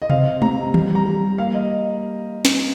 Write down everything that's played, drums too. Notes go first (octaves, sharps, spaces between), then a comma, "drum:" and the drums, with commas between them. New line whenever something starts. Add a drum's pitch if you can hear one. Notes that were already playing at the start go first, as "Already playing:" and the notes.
D#5
C4 F5, drum: tom C3
C3 A#5, drum: tom
G3, drum: tom D#3
A#5
G3
A#3 F5
D#5
drum: snare